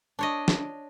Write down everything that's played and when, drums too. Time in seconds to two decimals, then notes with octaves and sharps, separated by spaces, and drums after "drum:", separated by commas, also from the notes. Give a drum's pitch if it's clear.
0.19 D4 C#5 D#5
0.48 drum: snare